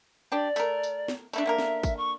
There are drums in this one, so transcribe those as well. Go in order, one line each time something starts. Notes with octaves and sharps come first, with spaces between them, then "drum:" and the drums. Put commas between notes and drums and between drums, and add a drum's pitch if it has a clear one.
D4 G4 D5
A3 A#4, drum: tambourine
drum: tambourine
drum: snare
A3 A#3 D4 E5, drum: tambourine
D3 A#3 A#4
drum: snare
drum: kick, tambourine
C#6